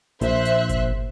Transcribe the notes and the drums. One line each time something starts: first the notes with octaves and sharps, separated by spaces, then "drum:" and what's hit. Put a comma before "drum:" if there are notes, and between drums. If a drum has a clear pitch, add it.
A#1 C5 E5 F#6, drum: hi-hat
drum: hi-hat
drum: kick G1, hi-hat